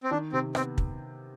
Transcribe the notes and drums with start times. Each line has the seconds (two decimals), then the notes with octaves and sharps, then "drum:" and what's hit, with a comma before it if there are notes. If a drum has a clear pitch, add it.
0.04 C4
0.11 D#3 D4
0.32 C3 C4
0.55 B3 C4, drum: rim click
0.78 drum: kick